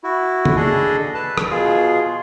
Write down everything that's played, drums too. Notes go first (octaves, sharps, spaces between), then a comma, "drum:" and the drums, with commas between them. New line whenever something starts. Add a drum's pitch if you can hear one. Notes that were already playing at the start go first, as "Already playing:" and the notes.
E4 F#4
drum: tom
D4 G#4 A4 D#5
B4 A5
drum: rim click
B2 F4 G#4